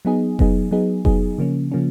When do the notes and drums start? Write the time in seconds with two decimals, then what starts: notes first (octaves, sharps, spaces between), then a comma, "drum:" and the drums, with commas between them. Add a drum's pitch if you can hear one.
0.05 F#3 B3 D#4 G#4
0.39 F#3 B3 D#4 G#4, drum: kick F1
0.71 F#3 B3 D#4 G#4
1.05 F#3 B3 D#4 G#4, drum: kick F1
1.38 C#3 F3 A#3 C#4
1.72 C#3 F3 A#3 C#4